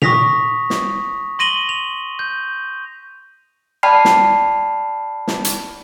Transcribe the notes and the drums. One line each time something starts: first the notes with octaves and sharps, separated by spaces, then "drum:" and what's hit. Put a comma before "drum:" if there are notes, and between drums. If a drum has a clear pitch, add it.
C#6 D#6 A#6 B6 F7, drum: tom A#2
drum: snare
C6 A#6 D#7 F#7 G7
F7
G6
D5 G5 A5 B5 F6 C7
drum: snare
drum: snare
drum: hi-hat